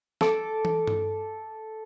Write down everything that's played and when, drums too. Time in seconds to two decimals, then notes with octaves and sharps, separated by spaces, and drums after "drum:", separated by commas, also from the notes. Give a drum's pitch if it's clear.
0.21 A4 D6, drum: snare
0.65 drum: tom
0.87 drum: tom G2